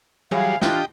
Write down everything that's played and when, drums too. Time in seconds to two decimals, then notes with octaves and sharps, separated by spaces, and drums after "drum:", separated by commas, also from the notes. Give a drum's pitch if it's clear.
0.31 E3 F#3 G3 G#4 C#5 F5
0.62 E3 D4 F4 G4 D#5 G5, drum: snare